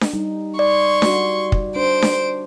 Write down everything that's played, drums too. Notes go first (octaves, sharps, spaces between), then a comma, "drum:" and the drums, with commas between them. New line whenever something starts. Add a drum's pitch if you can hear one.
drum: snare D4
G3 D#4
D5 C6 C#6
G3 F#4, drum: snare D4
drum: kick
D4 C5 D7
drum: snare D4